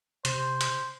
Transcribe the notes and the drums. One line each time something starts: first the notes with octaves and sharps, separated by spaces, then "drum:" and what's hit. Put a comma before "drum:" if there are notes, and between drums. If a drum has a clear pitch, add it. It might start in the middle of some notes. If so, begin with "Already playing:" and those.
C3 C5, drum: hi-hat
drum: hi-hat